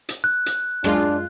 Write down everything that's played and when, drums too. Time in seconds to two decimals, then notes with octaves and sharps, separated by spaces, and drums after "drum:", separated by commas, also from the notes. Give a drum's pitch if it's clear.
0.09 drum: hi-hat
0.24 F#6
0.46 drum: hi-hat
0.84 F#2 G#3 D4 F4, drum: rim click